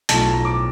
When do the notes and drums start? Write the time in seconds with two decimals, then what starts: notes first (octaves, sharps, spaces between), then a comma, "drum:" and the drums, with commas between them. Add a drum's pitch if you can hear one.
0.09 B1 A2 F3 A5, drum: hi-hat
0.21 A5
0.33 A#5
0.45 D6